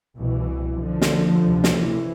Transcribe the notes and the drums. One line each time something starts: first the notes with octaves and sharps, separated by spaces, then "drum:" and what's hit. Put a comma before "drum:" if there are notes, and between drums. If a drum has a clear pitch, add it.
C2 B2 E3
D3 F3
drum: snare
D2 C3
drum: snare
E3